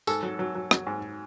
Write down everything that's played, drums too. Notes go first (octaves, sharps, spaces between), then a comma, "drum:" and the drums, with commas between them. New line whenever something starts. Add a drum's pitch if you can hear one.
G#2 A4, drum: tambourine
F#3
F#3
F#3
F#3, drum: rim click
G#2